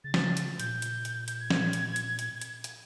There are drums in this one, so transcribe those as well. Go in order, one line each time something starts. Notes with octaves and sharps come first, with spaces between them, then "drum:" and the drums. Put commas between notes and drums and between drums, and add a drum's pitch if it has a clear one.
C#3 A6
drum: snare
drum: hi-hat
A#2 G6, drum: hi-hat
drum: hi-hat
drum: hi-hat
drum: hi-hat
G#6
drum: snare
drum: hi-hat
drum: hi-hat
drum: hi-hat
drum: hi-hat
drum: hi-hat